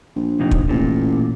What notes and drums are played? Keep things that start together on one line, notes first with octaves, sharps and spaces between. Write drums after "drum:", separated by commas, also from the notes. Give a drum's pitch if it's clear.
A#1
F2 C3 D#4
drum: kick
A1 A#2